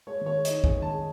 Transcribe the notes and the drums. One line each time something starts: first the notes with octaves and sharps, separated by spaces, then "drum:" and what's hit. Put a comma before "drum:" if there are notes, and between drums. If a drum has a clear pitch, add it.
G#3 C#5
D#3 C#5
G#4
D#4 D#5, drum: hi-hat
G#3 G#5, drum: kick
D#3 A5
G#4